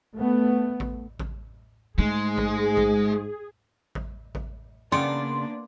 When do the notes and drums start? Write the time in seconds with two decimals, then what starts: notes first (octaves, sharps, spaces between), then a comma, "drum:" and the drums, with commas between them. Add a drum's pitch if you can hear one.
0.16 A3 B3
0.80 drum: kick A1
1.20 drum: kick A1
1.98 G#2 G#3 A3 G#4
2.38 drum: kick A1
2.77 drum: kick A1
3.95 drum: kick A1
4.35 drum: kick A1
4.92 C#3 A#3 B3 D4 D5 F#5 G5 C6